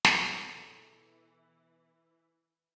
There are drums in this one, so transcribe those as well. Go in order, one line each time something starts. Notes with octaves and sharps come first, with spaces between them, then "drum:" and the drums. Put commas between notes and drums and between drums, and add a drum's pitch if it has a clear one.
drum: snare
B2 E3 G#4 A4 C#5 D5